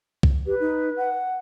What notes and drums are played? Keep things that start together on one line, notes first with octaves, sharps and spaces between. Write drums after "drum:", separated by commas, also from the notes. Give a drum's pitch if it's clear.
drum: kick
G4 B4
D#4
F#5